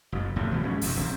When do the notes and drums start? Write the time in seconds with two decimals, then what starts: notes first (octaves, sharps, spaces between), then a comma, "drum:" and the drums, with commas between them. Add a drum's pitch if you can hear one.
0.12 F#1 F2
0.36 F1 D2 A2 F3
0.51 D#1 B2 F3 G3
0.63 A#1 G#2 B2 C#4
0.81 F#1 C3 D#3 F3, drum: open hi-hat
0.96 D#1 A#1 B3 C4